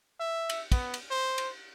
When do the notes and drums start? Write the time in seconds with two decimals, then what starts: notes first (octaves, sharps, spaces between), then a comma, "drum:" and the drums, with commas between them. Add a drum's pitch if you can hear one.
0.20 E5
0.50 drum: cymbal
0.72 B3, drum: kick, cymbal
0.94 drum: cymbal
1.11 C5
1.38 drum: cymbal